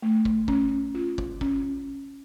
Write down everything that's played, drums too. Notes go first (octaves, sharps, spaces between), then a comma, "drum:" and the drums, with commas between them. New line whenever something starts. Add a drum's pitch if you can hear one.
A3
drum: kick
C#4, drum: kick
F4
drum: kick
C#4, drum: kick